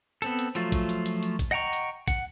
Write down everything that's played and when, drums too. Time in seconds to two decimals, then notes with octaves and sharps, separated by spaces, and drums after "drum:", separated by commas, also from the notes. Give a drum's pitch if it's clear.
0.22 B3 C4 A4, drum: hi-hat
0.39 drum: hi-hat
0.55 F3 F#3 A3 F4, drum: hi-hat
0.72 drum: kick, hi-hat
0.89 drum: hi-hat
1.06 drum: hi-hat
1.23 drum: hi-hat
1.39 drum: kick, hi-hat
1.51 D#5 F#5 G5 A#5 C#6
1.73 drum: hi-hat
2.08 F#5, drum: kick, hi-hat